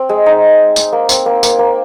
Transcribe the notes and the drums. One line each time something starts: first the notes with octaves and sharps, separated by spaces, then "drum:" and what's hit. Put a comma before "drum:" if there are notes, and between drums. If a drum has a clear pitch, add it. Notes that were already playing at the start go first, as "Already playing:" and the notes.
Already playing: C4
G#3
D#4
drum: tambourine
A#3
C4, drum: tambourine
A#3
A#3, drum: tambourine
A#3